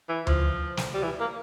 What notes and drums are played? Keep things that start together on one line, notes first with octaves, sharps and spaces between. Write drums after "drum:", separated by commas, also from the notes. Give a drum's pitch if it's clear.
E3
F3, drum: tom D2
drum: snare
G3
E3
A#3